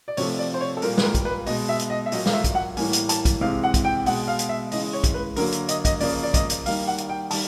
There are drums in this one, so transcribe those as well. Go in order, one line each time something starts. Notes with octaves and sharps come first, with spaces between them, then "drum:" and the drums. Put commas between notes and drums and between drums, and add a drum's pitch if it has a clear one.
D5
C3 F3 A3 C#5, drum: open hi-hat
D5
C5
C#5
A4
A#2 G3 A#3 A#4, drum: open hi-hat
B4, drum: snare
A#4
drum: kick B1, hi-hat
B4
B2 G#3 D#5, drum: open hi-hat
E5
drum: hi-hat
D#5
E5
A#2 F#3 A#3 D#5, drum: open hi-hat
F5, drum: snare
E5
drum: kick B1, hi-hat
F#5
A2 E3 G3 A#3 G#5, drum: open hi-hat
drum: hi-hat
A5, drum: hi-hat
drum: kick B1, hi-hat
C3 E3 G#3 F5
F#5
drum: kick B1, hi-hat
G5
B2 G#3 F#5, drum: open hi-hat
F5
drum: hi-hat
E5
C#3 E3 G#3 D#5, drum: open hi-hat
C#5
drum: kick B1, hi-hat
B4
D3 F#3 A#3 A#4, drum: open hi-hat
drum: hi-hat
D#5, drum: hi-hat
D#5, drum: kick B1, hi-hat
C#3 F3 A#3 D5, drum: open hi-hat
D5
D#5, drum: kick B1, hi-hat
drum: hi-hat
D#3 G3 A#3 F5, drum: open hi-hat
F#5
drum: hi-hat
G5
D#3 G3 A5, drum: open hi-hat